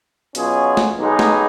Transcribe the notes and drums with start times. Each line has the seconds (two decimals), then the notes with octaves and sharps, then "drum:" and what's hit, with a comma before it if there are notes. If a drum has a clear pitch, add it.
0.35 B2 F#3 C#4 F4 G#4, drum: hi-hat
0.77 drum: snare
0.99 B1 B2 G#3 D#4 G#4
1.19 drum: snare